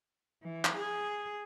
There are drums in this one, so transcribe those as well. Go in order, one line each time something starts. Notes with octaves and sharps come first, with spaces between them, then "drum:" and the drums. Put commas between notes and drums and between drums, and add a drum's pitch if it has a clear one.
E3
drum: clap
G#4